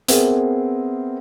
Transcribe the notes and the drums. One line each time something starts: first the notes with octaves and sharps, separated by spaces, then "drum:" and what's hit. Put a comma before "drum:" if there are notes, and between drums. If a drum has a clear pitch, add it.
B3 C4 G#4 A#4 E5, drum: hi-hat